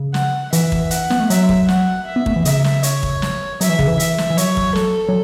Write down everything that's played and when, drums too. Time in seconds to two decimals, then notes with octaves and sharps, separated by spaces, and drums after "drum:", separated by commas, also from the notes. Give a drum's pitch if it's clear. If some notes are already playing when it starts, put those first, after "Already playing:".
Already playing: C#3
0.14 F#5, drum: snare
0.53 E3 E5, drum: hi-hat
0.72 drum: kick
0.91 F#5, drum: hi-hat
1.10 B3, drum: snare
1.20 A3
1.30 F#3 E5, drum: hi-hat
1.49 drum: kick
1.68 F#5, drum: snare
2.07 E5
2.16 B3
2.26 A3, drum: kick
2.36 E3
2.45 C#3 E5, drum: hi-hat
2.64 drum: snare
2.83 C#5, drum: hi-hat
3.03 drum: kick
3.22 drum: snare
3.61 F#3 E5, drum: hi-hat
3.70 E3
3.79 C#3, drum: kick
3.88 E3
4.00 E5, drum: hi-hat
4.18 drum: snare
4.30 E3
4.38 F#3 C#5, drum: hi-hat
4.57 drum: kick
4.75 A4, drum: snare
5.09 F#3